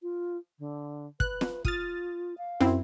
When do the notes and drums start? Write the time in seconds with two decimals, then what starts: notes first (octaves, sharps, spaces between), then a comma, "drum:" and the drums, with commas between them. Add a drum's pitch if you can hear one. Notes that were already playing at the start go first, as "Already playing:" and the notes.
0.03 F4
0.59 D3
1.20 B4 F#6, drum: kick
1.41 drum: snare
1.65 F4 D#6 F6 A6, drum: kick
2.38 F5
2.60 F#2 C4 E4, drum: snare